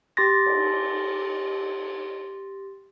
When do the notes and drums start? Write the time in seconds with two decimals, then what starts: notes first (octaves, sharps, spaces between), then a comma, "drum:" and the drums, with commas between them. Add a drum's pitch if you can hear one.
0.17 G4 C6 A6 A#6
0.46 drum: cymbal